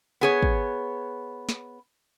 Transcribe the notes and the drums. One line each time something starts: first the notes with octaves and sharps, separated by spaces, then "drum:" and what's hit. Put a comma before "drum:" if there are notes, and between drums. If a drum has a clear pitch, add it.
B3 G#4 C#5
drum: kick
drum: snare